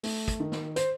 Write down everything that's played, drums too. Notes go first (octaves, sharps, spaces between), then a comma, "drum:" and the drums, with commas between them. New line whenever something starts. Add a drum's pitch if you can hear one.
A3, drum: open hi-hat
drum: kick, hi-hat
D#3
drum: snare
C5, drum: hi-hat